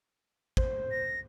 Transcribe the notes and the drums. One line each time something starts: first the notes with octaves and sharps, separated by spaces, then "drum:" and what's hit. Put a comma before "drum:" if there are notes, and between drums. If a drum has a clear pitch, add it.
C5, drum: kick
A#6